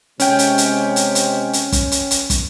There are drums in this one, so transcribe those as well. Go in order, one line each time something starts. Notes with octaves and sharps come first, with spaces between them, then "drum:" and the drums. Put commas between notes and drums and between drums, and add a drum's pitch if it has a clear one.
C3 G#3 C#4 G5, drum: hi-hat
drum: hi-hat
drum: hi-hat
drum: hi-hat
drum: hi-hat
drum: hi-hat
drum: kick, hi-hat
drum: hi-hat
drum: hi-hat
drum: kick, hi-hat